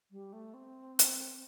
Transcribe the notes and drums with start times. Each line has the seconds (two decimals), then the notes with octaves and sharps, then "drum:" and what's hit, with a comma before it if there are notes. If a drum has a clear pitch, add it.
0.11 G3
0.33 A3
0.54 C4
0.99 drum: hi-hat